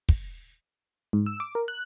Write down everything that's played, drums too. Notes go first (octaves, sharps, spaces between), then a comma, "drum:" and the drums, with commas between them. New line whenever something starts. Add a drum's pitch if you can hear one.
drum: kick
G#2
E6
D6
A#4
F#6